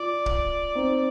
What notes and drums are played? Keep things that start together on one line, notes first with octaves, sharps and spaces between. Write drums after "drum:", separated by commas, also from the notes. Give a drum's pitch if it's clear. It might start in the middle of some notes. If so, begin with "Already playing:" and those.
Already playing: F4 D5
drum: kick
C4 D#4